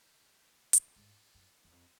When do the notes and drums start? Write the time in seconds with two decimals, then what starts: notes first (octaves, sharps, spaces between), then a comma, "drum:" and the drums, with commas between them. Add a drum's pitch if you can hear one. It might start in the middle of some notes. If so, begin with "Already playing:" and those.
Already playing: G4
0.73 drum: hi-hat
0.96 G#2 A4
1.34 F#2
1.64 E2
1.72 F2